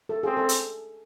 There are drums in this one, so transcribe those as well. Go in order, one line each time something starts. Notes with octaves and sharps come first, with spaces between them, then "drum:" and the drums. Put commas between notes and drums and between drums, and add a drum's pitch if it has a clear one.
A4
C4 G#4
A4
drum: hi-hat